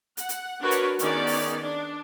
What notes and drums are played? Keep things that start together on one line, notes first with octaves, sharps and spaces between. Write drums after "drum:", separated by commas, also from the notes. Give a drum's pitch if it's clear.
F#5, drum: hi-hat
drum: hi-hat
D4 F#4 A#4 B4 C#5
drum: hi-hat
D#3 B3 C#4 D#4 G#4 D5, drum: hi-hat
drum: open hi-hat
D4